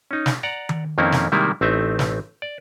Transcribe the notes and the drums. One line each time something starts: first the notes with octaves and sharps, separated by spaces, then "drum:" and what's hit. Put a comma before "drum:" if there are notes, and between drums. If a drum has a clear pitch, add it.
C#4 D#4
drum: snare
D5 F#5 A#5
drum: tom D#3
F2 D#3 A#3 C4 C#4 E4
drum: snare
C3 D#3 G3 G#3 A#3 E4
A1 A3 C4 D#4 E5
drum: snare
D5